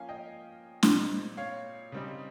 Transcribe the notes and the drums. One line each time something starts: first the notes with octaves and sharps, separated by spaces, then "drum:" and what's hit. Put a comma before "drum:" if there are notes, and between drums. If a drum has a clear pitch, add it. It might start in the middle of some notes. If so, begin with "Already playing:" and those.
Already playing: F3 A#3 C#4 F5 G#5
D#5 G5
A#2 G3 C4 D#4, drum: snare
C#5 F5
C#3 G3 C4 D#4